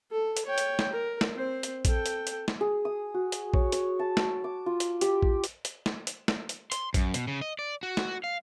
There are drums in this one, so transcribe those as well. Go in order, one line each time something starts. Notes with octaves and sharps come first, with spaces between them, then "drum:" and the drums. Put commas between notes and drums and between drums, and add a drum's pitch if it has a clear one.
A4
drum: hi-hat
C#5 G5
drum: hi-hat
drum: snare
A#4
drum: snare
C4 C5
drum: hi-hat
A4 G5, drum: kick, hi-hat
drum: hi-hat
drum: hi-hat
drum: snare
G#4
D#6
F#4
drum: hi-hat
C#5, drum: kick
C#5, drum: hi-hat
A5
drum: snare
D6
F4
drum: hi-hat
G4, drum: hi-hat
drum: kick
drum: hi-hat
drum: hi-hat
drum: snare
drum: hi-hat
drum: snare
drum: hi-hat
C6, drum: hi-hat
F#2, drum: kick, hi-hat
B2, drum: hi-hat
C#3
D#5
D5
F#4
drum: snare
F5